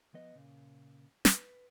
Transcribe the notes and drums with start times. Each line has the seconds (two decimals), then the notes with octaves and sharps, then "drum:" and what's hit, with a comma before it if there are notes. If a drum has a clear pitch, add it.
0.14 F3 B3 D#5
0.35 A#2 C#3
1.25 B4, drum: snare